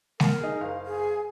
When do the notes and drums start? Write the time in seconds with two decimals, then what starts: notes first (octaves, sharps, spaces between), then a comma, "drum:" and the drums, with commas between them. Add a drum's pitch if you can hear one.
0.20 A#4, drum: snare G#3
0.41 D#4 G#4
0.61 F#1 F5
0.86 G#4